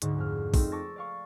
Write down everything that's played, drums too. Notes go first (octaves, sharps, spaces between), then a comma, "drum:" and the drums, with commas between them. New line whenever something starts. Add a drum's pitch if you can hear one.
D2 G#2 D3, drum: hi-hat
F2 F6
A3 C4 D#4 A4, drum: kick, open hi-hat
A5 C#6 D6 E6 A6 A#6
D5 F5 C#6